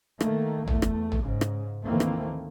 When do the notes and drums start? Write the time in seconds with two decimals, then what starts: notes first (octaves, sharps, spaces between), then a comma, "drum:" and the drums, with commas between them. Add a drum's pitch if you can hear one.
0.21 D#3 A3 A#3, drum: rim click
0.68 E2 A3, drum: tom
0.82 drum: rim click
1.12 drum: tom
1.24 G#2 C#3
1.41 drum: rim click
1.85 D2 D#3 E3 A3 A#3 C4
2.00 drum: rim click